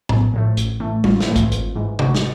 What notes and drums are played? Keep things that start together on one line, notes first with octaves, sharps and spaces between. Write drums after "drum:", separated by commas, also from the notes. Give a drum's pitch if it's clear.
A#1, drum: tom A2
A2 F3 A3
A1, drum: hi-hat
A2 E3 A3
A1 F4, drum: tom G3
E4, drum: snare
A2 E3 A3
F4, drum: kick, hi-hat
G#1, drum: hi-hat
G#2 E3 G#3
G#1 F#4, drum: tom C3
drum: snare